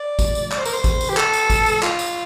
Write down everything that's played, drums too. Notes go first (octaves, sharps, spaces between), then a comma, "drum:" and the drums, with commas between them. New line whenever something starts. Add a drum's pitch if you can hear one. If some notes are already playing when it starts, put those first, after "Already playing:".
Already playing: D5
drum: kick, tambourine
drum: tambourine
D5, drum: clap
C5
A#4, drum: tambourine
C5
drum: kick, tambourine
drum: tambourine
G4
A4, drum: clap
drum: tambourine
drum: kick, tambourine
drum: tambourine
F4, drum: clap
drum: tambourine